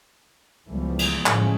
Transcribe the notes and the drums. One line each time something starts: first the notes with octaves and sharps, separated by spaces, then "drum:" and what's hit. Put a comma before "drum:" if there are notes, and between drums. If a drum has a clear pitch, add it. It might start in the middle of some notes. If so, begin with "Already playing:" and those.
C#2 E3 F3 G3 A3 B3
drum: cymbal
G1 A2 F3 G#3 A3 C#4, drum: clap